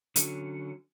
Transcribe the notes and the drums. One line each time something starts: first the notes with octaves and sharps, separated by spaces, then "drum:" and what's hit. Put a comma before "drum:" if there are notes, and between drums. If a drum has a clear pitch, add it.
D3 F#3 C#4, drum: hi-hat